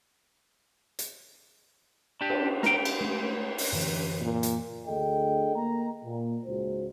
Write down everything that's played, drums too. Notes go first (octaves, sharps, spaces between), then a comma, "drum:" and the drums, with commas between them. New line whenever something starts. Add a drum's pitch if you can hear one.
drum: hi-hat
D4 G4
drum: cymbal
A#4 G5, drum: snare
drum: cymbal
G#3 A3
drum: open hi-hat
F#2 D3 E3
A#2
drum: hi-hat
D2 D4 G#4 A4 D#5 G5
A#3 A#5
A#2
C#2 G#2 F4 F#4 C5